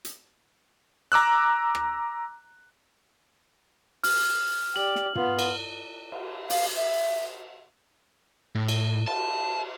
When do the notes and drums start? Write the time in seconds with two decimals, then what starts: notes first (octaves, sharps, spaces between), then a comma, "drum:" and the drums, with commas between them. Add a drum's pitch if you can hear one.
0.05 drum: hi-hat
1.12 A#5 D6 E6 F#6
1.75 drum: rim click
4.04 F6, drum: open hi-hat
4.76 G4 D5 F#7
4.95 drum: snare
5.15 B3 F4, drum: tom
5.39 drum: cymbal
6.12 drum: cymbal
6.50 F5, drum: open hi-hat
6.76 E5
8.55 A2
8.68 drum: cymbal
9.07 A5, drum: cymbal